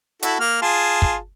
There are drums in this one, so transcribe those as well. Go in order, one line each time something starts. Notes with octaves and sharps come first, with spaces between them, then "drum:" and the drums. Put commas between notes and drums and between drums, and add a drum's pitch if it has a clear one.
E4 F#4 A4, drum: hi-hat
A#3 F6
F4 G#4 A5
drum: kick